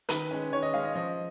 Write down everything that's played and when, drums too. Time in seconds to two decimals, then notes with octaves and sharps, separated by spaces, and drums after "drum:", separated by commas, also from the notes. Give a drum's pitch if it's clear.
0.09 D#3 B4, drum: hi-hat
0.31 G#3 C#4
0.52 D#3 C#5
0.62 D#5
0.74 G#3 C#4 F5
0.85 D#5
0.95 F3 D#5